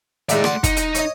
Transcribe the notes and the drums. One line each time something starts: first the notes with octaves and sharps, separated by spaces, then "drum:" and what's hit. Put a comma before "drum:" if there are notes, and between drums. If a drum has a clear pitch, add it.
D#2 A2 G#3 A3 D5, drum: hi-hat
F#5 C6 D6, drum: rim click
D#4, drum: kick, hi-hat
drum: hi-hat
C#5 D#5, drum: hi-hat